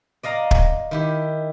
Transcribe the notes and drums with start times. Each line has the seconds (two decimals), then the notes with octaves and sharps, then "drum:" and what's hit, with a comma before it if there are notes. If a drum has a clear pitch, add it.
0.23 D5 D#5 F5 A#5
0.51 drum: kick
0.91 D#3 E4 G4